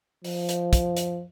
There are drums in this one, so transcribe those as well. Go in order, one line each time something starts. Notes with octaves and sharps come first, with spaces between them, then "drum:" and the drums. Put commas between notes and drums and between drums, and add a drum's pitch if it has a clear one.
F3, drum: open hi-hat
drum: hi-hat
drum: kick, hi-hat
drum: hi-hat